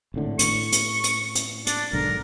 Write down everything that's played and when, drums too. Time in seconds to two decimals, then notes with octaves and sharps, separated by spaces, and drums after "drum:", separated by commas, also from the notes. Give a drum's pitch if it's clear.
0.14 G#1 A2 D3
0.39 A2 C#6, drum: hi-hat
0.72 drum: hi-hat
1.04 drum: hi-hat
1.35 drum: hi-hat
1.67 D4, drum: hi-hat
1.93 B1 G#2 D3 A#4